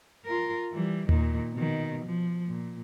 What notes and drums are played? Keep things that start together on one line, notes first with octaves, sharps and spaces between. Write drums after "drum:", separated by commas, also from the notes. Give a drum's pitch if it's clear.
F4 A#4
E3 G3
A#2 D#3, drum: tom D#2
B2 D#3
F3
A#2